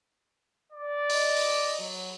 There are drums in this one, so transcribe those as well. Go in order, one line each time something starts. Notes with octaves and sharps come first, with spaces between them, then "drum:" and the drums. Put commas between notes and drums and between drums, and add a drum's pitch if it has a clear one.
D5
D#5, drum: open hi-hat
drum: open hi-hat
F#3